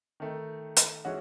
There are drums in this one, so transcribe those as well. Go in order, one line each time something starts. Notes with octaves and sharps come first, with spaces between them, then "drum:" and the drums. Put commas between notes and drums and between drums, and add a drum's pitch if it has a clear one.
D#3 A3 D#4
drum: hi-hat
E3 G#3 C#4 F#4